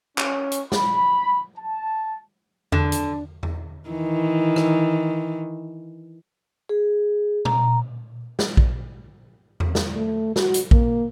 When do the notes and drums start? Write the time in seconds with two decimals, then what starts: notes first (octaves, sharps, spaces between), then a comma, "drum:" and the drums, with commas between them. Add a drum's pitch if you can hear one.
0.18 C#4, drum: clap
0.52 drum: hi-hat
0.72 B5, drum: snare
1.58 A5
2.72 D3, drum: tom E2
2.92 drum: hi-hat
3.43 drum: tom E2
3.89 D#3 E3
4.56 drum: rim click
6.69 G#4
7.45 A#5, drum: tom A#2
8.39 drum: snare
8.57 drum: kick A#1
9.60 drum: tom E2
9.75 drum: snare
9.95 A3
10.36 F#4, drum: snare
10.54 drum: hi-hat
10.71 A#3, drum: kick A#1